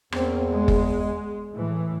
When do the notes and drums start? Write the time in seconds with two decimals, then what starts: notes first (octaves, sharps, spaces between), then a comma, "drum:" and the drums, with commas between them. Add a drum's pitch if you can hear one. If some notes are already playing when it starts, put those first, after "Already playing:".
0.12 E2 A#3 C4 C#4, drum: rim click
0.50 G#3
0.68 drum: kick F#1
1.54 A2 E3